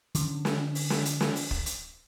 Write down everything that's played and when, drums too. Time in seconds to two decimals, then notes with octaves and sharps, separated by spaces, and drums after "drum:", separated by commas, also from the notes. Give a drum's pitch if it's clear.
0.15 D3 C#4, drum: hi-hat
0.45 drum: snare
0.75 drum: open hi-hat
0.90 drum: snare
1.05 drum: hi-hat
1.21 drum: snare
1.36 drum: open hi-hat
1.51 drum: kick
1.66 drum: hi-hat